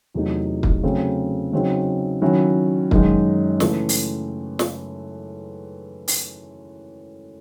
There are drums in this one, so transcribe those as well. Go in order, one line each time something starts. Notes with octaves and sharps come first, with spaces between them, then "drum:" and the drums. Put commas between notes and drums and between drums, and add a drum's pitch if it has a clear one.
E2 C3 F#3 A3 D#4
drum: kick
C#3 F#3 A3 C4
C#3 F#3 C4 D#4
D#3 F#3 C#4 E4
F#2 D#3 G#3 D#4, drum: kick
C#3 E3 A3, drum: snare
drum: open hi-hat
drum: snare
drum: open hi-hat